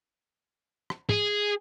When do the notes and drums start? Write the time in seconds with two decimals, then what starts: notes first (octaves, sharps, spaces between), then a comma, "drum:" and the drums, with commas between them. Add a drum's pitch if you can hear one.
0.90 drum: rim click
1.09 G#4, drum: tom